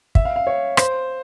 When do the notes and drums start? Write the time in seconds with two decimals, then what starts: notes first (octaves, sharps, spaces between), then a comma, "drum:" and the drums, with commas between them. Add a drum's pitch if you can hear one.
0.15 E5, drum: kick
0.25 F5
0.36 F5
0.47 C#5
0.77 C5, drum: rim click